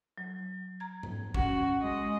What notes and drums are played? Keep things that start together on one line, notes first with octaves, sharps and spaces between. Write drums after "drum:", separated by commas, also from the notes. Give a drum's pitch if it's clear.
F#3
A#5 G#6
drum: tom G#2
C#4 F#4, drum: kick
G#3 D#5